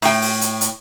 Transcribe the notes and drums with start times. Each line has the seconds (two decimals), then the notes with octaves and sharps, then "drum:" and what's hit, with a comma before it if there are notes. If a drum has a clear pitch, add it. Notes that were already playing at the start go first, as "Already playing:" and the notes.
0.02 A2 G5, drum: open hi-hat
0.22 drum: open hi-hat
0.41 drum: hi-hat
0.61 drum: hi-hat